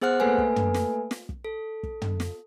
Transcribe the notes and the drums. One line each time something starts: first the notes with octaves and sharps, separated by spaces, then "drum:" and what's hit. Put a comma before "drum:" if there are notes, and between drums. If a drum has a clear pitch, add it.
B3 G#4 C5 F#5 F6 F#6
A3 A#3 A4 B4 G#5
drum: kick
drum: tom
drum: snare
drum: snare
drum: kick
A4
drum: kick
drum: tom
drum: snare